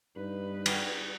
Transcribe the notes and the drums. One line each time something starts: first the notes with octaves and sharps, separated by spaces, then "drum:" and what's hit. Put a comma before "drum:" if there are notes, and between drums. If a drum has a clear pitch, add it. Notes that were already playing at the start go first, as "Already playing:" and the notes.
G2 D#4 B4
G3 F#4 G#4, drum: cymbal